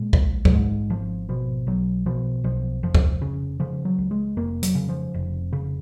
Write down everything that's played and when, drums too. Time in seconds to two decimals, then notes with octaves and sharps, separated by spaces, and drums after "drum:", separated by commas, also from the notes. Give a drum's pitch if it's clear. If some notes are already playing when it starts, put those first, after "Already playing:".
Already playing: A#2 G#3
0.13 A#1, drum: kick C#2
0.45 F#3, drum: kick C#2
0.51 G#2 G#3
0.90 G#1 F3
1.29 B2 F3
1.67 B1 F#3
2.06 B2 F3
2.44 B1 F3
2.83 F1 F3
2.95 drum: kick C#2
3.22 C#3
3.60 C#3 F3
3.85 F#3
3.98 C#2
4.11 G#3
4.37 F1 A#3
4.63 F#3, drum: hi-hat
4.75 C#3
4.89 F3
5.14 F1
5.53 C#3